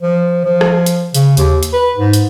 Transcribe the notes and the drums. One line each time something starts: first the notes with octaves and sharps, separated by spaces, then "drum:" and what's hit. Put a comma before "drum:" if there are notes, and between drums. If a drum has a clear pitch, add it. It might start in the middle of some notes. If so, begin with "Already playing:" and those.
F3
F3
drum: rim click
drum: hi-hat
C#3, drum: hi-hat
D#2, drum: hi-hat
drum: hi-hat
B4
G#2
drum: hi-hat